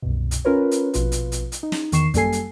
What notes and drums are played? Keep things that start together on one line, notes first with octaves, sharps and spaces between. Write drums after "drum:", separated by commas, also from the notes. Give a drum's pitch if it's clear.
C2 F#2 B2
drum: hi-hat
C#4 F4 A#4 B4 C#5
drum: hi-hat
A#1 B2 F4 B4, drum: hi-hat
drum: hi-hat
drum: hi-hat
drum: hi-hat
D#4
drum: snare
E2 D#3 C#6 C7 E7, drum: hi-hat
F#2 G3 A#3 A4 G#5 C7, drum: kick, hi-hat
drum: hi-hat